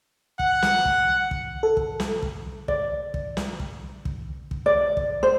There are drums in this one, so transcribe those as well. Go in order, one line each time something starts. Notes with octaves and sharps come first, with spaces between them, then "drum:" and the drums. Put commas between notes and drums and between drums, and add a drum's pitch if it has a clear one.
F#5, drum: kick
drum: snare
drum: kick
drum: kick
A4
drum: kick
drum: snare
drum: kick
D5, drum: kick
drum: kick
drum: snare
drum: kick
drum: kick
drum: kick
D5
drum: kick
C5